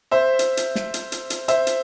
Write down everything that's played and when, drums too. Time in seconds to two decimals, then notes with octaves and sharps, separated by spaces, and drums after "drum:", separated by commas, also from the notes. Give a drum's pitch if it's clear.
0.11 C5 E5
0.39 drum: hi-hat
0.57 drum: hi-hat
0.75 drum: snare
0.94 drum: hi-hat
1.12 drum: hi-hat
1.30 drum: hi-hat
1.48 C5 E5, drum: hi-hat
1.67 drum: hi-hat